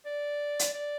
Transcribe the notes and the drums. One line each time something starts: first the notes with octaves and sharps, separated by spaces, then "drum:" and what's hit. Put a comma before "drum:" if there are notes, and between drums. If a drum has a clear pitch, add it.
D5
drum: hi-hat
D5